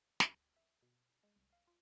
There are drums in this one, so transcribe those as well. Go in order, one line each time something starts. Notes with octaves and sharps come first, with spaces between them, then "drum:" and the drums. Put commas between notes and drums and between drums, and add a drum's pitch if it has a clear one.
D2, drum: snare
E5
B2
G#3
C2
F5
F4